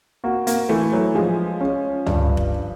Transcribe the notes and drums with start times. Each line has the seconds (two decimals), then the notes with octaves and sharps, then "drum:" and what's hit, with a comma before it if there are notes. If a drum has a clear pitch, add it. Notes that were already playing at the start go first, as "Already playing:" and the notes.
0.24 A#3 F#4
0.47 A#3, drum: hi-hat
0.69 E3 A3
0.93 F#3
1.15 F3 G#3
1.61 C#4
2.06 G2, drum: tom C#2
2.37 drum: kick F1